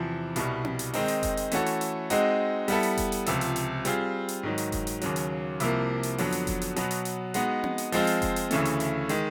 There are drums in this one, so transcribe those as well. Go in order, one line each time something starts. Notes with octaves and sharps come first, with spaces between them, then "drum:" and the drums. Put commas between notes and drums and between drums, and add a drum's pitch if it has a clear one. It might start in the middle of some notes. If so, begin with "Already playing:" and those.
Already playing: E2 C3 F3
C2 B2 G3, drum: hi-hat
drum: tom C4
drum: hi-hat
D#3 G#3 C4 D#4, drum: open hi-hat
drum: hi-hat
drum: kick F1, hi-hat
drum: hi-hat
E3 A3 C#4 F#4 A4, drum: hi-hat
drum: hi-hat
drum: hi-hat
G#3 C4 D#4 F#4, drum: hi-hat
G3 B3 E4 A4, drum: open hi-hat
drum: hi-hat
drum: kick F1, hi-hat
drum: hi-hat
C#2 C3 F3, drum: hi-hat
drum: hi-hat
drum: hi-hat
G3 C4 F4 G#4, drum: hi-hat
drum: hi-hat
G#2 D#3 F#3
drum: hi-hat
drum: kick F1, hi-hat
drum: hi-hat
D#2 C#3 F#3, drum: hi-hat
drum: hi-hat
C2 C3 F3 A#3, drum: hi-hat
drum: hi-hat
F2 D3 F#3 B3, drum: open hi-hat
drum: hi-hat
drum: kick F1, hi-hat
drum: hi-hat
B2 F#3 B3, drum: hi-hat
drum: hi-hat
drum: hi-hat
G#3 B3 D#4 F#4, drum: hi-hat
drum: tom C4
drum: hi-hat
F3 G#3 C4 F4, drum: open hi-hat
drum: hi-hat
drum: kick F1, hi-hat
drum: hi-hat
D2 C#3 E3 A3, drum: hi-hat
drum: hi-hat
drum: hi-hat
D#3 G#3, drum: hi-hat